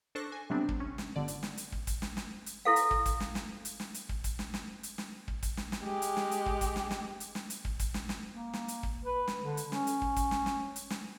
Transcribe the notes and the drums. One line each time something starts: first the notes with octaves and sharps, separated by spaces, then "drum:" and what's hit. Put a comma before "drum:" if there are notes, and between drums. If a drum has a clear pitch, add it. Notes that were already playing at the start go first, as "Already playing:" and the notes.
D4 A4 C5 C#6 F#6 A#6
G#5
C3 F#3 G3 B3 C4 D4
drum: kick
C#4
drum: snare
G1 D3 D5
drum: hi-hat
drum: snare
drum: hi-hat
drum: kick
drum: kick, hi-hat
drum: snare
drum: snare
drum: hi-hat
E4 A4 F5
drum: hi-hat
drum: kick
drum: kick, hi-hat
drum: snare
drum: snare
drum: hi-hat
drum: snare
drum: hi-hat
drum: kick
drum: kick, hi-hat
drum: snare
drum: snare
drum: hi-hat
drum: snare
drum: kick
drum: kick, hi-hat
drum: snare
drum: snare
G#3 G4
drum: hi-hat
drum: snare
drum: hi-hat
drum: kick
drum: kick, hi-hat
drum: snare
drum: snare
drum: hi-hat
drum: snare
drum: hi-hat
drum: kick
drum: kick, hi-hat
drum: snare
drum: snare
A#3
drum: snare
drum: hi-hat
drum: kick
B4
drum: snare
D3
drum: hi-hat
C#4, drum: snare
drum: hi-hat
drum: kick
drum: kick, hi-hat
drum: snare
drum: snare
drum: hi-hat
drum: snare